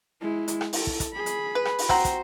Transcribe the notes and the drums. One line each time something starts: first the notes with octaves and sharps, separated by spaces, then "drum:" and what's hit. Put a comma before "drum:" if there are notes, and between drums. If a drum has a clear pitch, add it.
G#3 E4
drum: hi-hat
drum: rim click
E4 A4, drum: open hi-hat
drum: kick
drum: kick, hi-hat
G#4 B5
drum: hi-hat
B4
drum: rim click
drum: open hi-hat
C4 F#4 C5 F#5 A#5, drum: kick
drum: kick, hi-hat